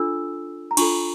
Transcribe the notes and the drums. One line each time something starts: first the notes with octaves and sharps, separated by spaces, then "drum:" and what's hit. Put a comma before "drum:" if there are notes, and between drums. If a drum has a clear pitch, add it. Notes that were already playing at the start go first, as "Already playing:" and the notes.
Already playing: D4 F4 A4 E6
A#5
D4 F4 A4 C#6, drum: cymbal